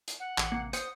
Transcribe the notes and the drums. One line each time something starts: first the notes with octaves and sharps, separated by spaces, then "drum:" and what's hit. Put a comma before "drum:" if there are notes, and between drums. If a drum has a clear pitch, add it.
drum: hi-hat
F#5
A1, drum: clap
C3 A#3
C5 F#5 D#6, drum: hi-hat